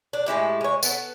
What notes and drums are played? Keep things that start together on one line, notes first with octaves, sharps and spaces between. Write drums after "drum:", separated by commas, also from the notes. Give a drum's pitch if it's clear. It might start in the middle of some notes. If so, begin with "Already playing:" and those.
D4
A2 G#3 E4 G4
G#3 C#5
B3 A4, drum: tambourine